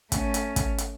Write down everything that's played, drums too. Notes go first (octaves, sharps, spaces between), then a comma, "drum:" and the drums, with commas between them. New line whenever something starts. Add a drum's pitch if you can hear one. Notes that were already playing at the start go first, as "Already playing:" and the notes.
A3 C#4, drum: kick, hi-hat
drum: hi-hat
drum: kick, hi-hat
drum: hi-hat